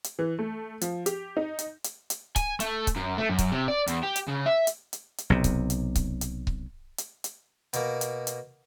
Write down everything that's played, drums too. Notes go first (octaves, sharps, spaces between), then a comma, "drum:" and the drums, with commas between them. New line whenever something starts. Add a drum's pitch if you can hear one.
drum: hi-hat
E3
A3
F3, drum: hi-hat
G4, drum: hi-hat
D#4
drum: hi-hat
drum: hi-hat
drum: hi-hat
G#5, drum: kick C#1, hi-hat
A3, drum: hi-hat
drum: kick C#1, hi-hat
F#2
A3
F#2
drum: kick C#1, hi-hat
C3
D5
E2, drum: hi-hat
G4
drum: hi-hat
C#3
E5
drum: hi-hat
drum: hi-hat
drum: hi-hat
B1 C3
drum: kick C#1, hi-hat
drum: hi-hat
drum: kick C#1, hi-hat
drum: hi-hat
drum: kick C#1
drum: hi-hat
drum: hi-hat
B2 A#3, drum: hi-hat
drum: hi-hat
drum: hi-hat